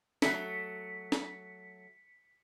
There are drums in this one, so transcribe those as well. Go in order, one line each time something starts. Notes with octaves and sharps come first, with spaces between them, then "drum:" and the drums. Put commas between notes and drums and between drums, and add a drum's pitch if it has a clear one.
F#3 A3 B6 C#7, drum: snare
drum: snare